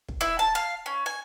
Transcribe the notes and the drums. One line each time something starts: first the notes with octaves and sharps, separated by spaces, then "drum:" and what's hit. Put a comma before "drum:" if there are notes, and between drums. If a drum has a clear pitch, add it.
drum: kick
E4
A5
F5
C#4
G#5